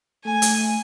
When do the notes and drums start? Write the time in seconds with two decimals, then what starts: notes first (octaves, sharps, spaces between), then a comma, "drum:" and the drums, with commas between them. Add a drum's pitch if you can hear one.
0.25 A3 G#5
0.42 drum: hi-hat